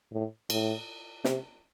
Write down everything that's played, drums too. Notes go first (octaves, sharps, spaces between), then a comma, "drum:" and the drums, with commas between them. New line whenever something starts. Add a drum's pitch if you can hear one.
A2
A2, drum: cymbal
C3, drum: snare